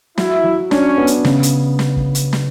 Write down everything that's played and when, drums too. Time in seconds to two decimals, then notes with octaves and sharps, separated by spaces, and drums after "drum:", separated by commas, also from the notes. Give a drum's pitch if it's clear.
0.18 F#3 E4, drum: snare
0.44 F#3
0.71 C#4 D4, drum: snare
0.98 B3
1.07 drum: hi-hat
1.25 C#3, drum: snare
1.43 drum: hi-hat
1.79 drum: snare
1.97 drum: kick
2.15 drum: hi-hat
2.33 drum: snare